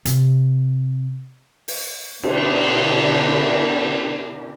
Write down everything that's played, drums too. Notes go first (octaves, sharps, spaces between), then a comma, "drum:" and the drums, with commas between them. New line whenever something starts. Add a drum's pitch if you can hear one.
C3, drum: hi-hat
drum: open hi-hat
B2 D3 D4 E4 G4 A#4, drum: cymbal